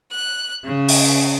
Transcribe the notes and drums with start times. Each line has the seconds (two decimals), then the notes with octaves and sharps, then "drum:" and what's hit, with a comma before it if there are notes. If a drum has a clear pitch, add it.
0.12 F#6
0.65 C#3
0.88 drum: open hi-hat